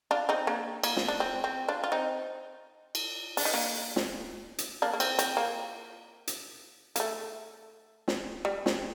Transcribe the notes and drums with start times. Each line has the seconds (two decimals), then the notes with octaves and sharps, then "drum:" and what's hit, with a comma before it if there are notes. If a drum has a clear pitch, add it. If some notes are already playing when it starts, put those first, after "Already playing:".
0.11 D4 F4
0.29 C4 D#4
0.47 A#3 D4
0.83 A#3, drum: cymbal
0.97 drum: snare
1.08 D4
1.20 C4
1.44 C4
1.68 D4 F4
1.84 F4
1.92 C4 D#4
2.95 drum: cymbal
3.37 D4, drum: open hi-hat
3.45 D#4
3.54 A#3 D4
3.96 drum: snare
4.58 drum: hi-hat
4.82 A#3 D4
4.93 A#3
5.00 C4, drum: cymbal
5.19 C4, drum: hi-hat
5.37 A#3
6.27 drum: hi-hat
6.96 A#3, drum: hi-hat
7.00 A3
8.08 drum: snare
8.45 G3
8.66 drum: snare